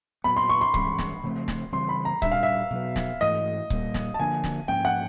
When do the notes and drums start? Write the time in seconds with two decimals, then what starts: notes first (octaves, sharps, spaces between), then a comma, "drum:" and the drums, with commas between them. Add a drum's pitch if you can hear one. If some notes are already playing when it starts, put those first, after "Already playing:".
0.24 A#2 F#3 B3 B5
0.36 C6
0.49 C#6
0.61 C6
0.74 G2 E3 G#3 C#4 C6, drum: kick C#1
0.99 drum: snare
1.23 C#3 F3 A3 C4
1.48 drum: snare
1.73 C#3 E3 G3 C4 C6
1.89 B5
2.05 A#5
2.22 A#2 G3 A#3 D4 E5, drum: kick C#1
2.32 F5
2.43 E5
2.71 B2 F#3 B3
2.96 drum: snare
3.21 G#2 E3 A3 D#5
3.70 A#2 G3 A#3, drum: kick C#1
3.94 drum: snare
4.14 A5
4.19 D3 F3 A#3 D4 G#5
4.44 drum: snare
4.68 G#2 F3 A#3 C#4 G5
4.85 F#5